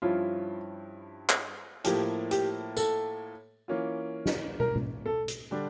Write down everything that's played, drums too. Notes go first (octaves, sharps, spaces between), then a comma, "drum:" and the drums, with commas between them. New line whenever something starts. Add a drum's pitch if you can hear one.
G2 F3 C#4 E4 F4
drum: clap
A2 F3 A#3 E4 G4, drum: hi-hat
G4, drum: hi-hat
A4, drum: tambourine
E3 A#3 C#4 F4
drum: snare
A#4, drum: tom
drum: tom B2
A4
drum: hi-hat
D3 G3 D4